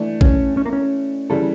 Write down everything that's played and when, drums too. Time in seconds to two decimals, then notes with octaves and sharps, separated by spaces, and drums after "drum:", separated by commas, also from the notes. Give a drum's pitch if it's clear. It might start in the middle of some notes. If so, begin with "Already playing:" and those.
Already playing: E3 A3 D4
0.21 C#4, drum: kick A1
0.57 C#4
0.66 A#3
0.73 C#4
1.30 C#3 E3 G3 A4